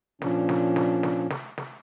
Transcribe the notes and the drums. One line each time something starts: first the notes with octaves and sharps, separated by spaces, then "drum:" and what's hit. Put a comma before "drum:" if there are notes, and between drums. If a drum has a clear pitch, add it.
A#2 F3 C#4 D4, drum: snare
drum: snare
drum: snare
drum: snare
drum: snare
drum: snare